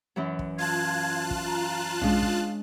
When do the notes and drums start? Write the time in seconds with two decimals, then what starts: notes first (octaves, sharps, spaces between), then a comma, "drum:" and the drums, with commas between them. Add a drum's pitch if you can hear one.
0.16 F#2 E3 F#3
0.39 drum: kick
0.58 F4 A5 F#6 G#6
1.31 drum: kick
1.47 A#5
2.01 G#3 C#4 D4 F5, drum: tom A#1
2.22 drum: kick